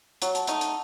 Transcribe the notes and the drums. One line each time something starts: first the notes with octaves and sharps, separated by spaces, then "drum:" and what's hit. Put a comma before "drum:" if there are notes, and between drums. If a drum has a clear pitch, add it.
F#3 F#5, drum: hi-hat
A5, drum: hi-hat
A3 D#4 A#5, drum: hi-hat
A5
A#5, drum: hi-hat